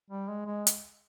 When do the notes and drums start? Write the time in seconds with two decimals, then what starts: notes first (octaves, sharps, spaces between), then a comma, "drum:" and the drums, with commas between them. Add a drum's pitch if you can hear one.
0.10 G3
0.28 G#3
0.46 G#3
0.67 drum: hi-hat